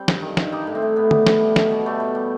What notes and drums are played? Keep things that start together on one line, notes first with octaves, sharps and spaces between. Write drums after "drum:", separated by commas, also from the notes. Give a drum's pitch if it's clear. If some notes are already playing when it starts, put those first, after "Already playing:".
Already playing: G3 C4
G2, drum: snare
D#3
G2, drum: snare
G3 D#4
A2
C4
A2
A2 B3
G3, drum: tom
A2, drum: snare
G3
B2, drum: snare
B2
G3 A3
B2
G3